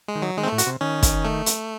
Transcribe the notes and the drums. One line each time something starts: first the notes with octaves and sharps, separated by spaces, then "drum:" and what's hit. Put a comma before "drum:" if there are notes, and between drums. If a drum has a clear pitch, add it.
G#3
D#3
F#3
D#3 G#3
C4
A2 A3
F#4, drum: hi-hat
C3
D#3 C#4
drum: kick, hi-hat
A3
drum: hi-hat